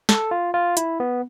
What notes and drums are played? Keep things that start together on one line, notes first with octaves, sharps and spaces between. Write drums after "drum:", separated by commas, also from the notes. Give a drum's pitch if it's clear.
A4, drum: snare
F4
F4
E4, drum: hi-hat
B3